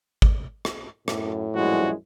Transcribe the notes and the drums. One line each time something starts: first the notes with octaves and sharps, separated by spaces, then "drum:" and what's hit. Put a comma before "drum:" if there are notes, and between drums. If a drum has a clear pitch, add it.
drum: kick G#1
drum: rim click
F#2 A2, drum: rim click
A#1 F#2 F3 G3 G#3 E4 F#4